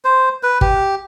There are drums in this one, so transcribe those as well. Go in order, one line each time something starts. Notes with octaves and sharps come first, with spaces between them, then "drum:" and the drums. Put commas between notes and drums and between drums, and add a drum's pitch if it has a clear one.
C5
B4
G4, drum: kick